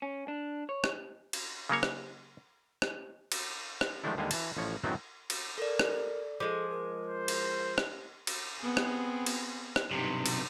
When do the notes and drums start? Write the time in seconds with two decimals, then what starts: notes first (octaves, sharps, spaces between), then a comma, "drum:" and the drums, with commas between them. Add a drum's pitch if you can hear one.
0.02 C#4
0.28 D4
0.69 C#5
0.84 drum: rim click
1.33 drum: cymbal
1.69 C#3 F#3 A#3 C#5
1.83 drum: rim click
2.82 drum: rim click
3.32 drum: cymbal
3.81 drum: rim click
4.04 D#3 F3 G#3 A3 D4 E4
4.17 D#2 D3 G3 G#3 F5 G#5
4.31 E3 A5, drum: cymbal
4.57 A1 F3 C#5
4.83 F#2 A2 D#3 F#3 B3 C4
5.30 drum: cymbal
5.58 A4 A#4 D5
5.79 drum: rim click
6.40 F3 G#3 A4 D6
6.70 A#4
7.07 C5
7.28 drum: cymbal
7.78 drum: rim click
8.27 drum: cymbal
8.59 B3 C4 G#4
8.77 drum: rim click
9.26 drum: cymbal
9.76 drum: rim click
9.91 B1 G2 C3 D#4
10.26 drum: cymbal